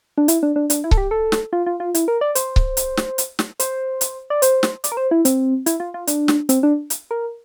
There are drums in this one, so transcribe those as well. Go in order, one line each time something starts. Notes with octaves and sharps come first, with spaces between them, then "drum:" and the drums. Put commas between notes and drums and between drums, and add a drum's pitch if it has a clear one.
D4
E4, drum: hi-hat
D4
D4
D4, drum: hi-hat
E4
A4, drum: kick C#1
G4
A4
drum: snare
F4
F4
F4
E4, drum: hi-hat
A#4
D5
C5, drum: hi-hat
drum: kick C#1
drum: hi-hat
drum: snare
drum: hi-hat
drum: snare
C5, drum: hi-hat
drum: hi-hat
D5
C5, drum: hi-hat
drum: snare
D5, drum: hi-hat
A#4
C5
E4
C4, drum: hi-hat
E4, drum: hi-hat
F4
F4
D4, drum: hi-hat
drum: snare
C4, drum: hi-hat
D4
drum: hi-hat
A#4